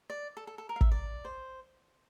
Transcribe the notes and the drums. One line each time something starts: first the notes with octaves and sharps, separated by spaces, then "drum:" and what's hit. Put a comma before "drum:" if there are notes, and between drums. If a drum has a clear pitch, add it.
D5
A4
A4
A4
A#4
F5
E5, drum: kick
D5
C5